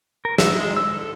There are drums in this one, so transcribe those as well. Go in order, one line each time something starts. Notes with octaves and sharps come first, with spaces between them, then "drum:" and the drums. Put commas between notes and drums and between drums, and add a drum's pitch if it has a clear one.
A#4
E5, drum: snare
G#3
E6
A4